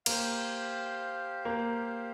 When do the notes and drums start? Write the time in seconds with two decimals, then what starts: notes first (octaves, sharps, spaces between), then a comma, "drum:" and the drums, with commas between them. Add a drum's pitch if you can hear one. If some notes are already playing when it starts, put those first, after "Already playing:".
0.06 A#3 G4 C5 F5, drum: cymbal
1.45 A#3